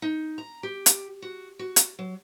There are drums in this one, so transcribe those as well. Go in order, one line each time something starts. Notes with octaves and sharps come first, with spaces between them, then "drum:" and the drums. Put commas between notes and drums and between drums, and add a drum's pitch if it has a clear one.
D#4
A#5
G4
drum: hi-hat
F#4
F#4
drum: hi-hat
F#3